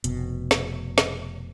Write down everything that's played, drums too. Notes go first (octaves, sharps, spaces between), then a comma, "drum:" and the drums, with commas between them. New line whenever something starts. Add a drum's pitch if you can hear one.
F1 B2, drum: hi-hat
drum: snare
drum: snare